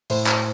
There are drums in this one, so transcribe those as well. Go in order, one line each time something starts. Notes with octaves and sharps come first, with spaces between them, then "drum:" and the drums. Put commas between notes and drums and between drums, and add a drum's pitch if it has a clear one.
A2 C5, drum: open hi-hat
drum: clap